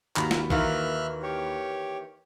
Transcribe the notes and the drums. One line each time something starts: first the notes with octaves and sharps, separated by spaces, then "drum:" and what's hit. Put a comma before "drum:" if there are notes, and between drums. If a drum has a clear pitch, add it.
D#2 F#4 F5 A#5 B5, drum: clap
drum: snare
D#3 E3 A#3 E5 F6 F#6, drum: kick A#1
G4 C#5